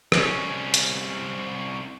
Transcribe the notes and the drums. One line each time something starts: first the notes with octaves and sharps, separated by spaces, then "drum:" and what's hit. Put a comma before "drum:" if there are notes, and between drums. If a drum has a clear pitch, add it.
C2 C#4, drum: rim click
drum: hi-hat